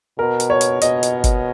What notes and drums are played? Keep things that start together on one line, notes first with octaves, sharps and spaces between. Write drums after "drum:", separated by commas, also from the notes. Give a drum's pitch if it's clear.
B2 A#4
drum: hi-hat
C#5
drum: hi-hat
B2 D#5, drum: hi-hat
drum: hi-hat
drum: kick G1, hi-hat